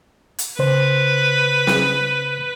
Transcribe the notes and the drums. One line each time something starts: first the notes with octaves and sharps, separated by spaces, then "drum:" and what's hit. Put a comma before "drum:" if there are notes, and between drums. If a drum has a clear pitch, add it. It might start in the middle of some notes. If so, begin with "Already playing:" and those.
drum: hi-hat
C#3 B4 C5
drum: snare